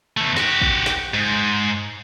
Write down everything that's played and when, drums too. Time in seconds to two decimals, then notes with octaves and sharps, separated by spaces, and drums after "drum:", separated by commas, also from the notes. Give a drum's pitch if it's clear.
0.17 E2 A3
0.37 F#4 G4, drum: snare
0.61 drum: kick
0.86 drum: snare
1.14 G#2